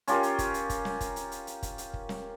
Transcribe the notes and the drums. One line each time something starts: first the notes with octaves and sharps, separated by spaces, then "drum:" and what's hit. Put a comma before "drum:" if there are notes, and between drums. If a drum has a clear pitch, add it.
C#4 F4 G4 A#4, drum: hi-hat
drum: hi-hat
drum: kick, hi-hat
drum: hi-hat
drum: kick, hi-hat
drum: snare
drum: kick, hi-hat
drum: hi-hat
drum: hi-hat
drum: hi-hat
drum: kick, hi-hat
drum: hi-hat
drum: kick
drum: snare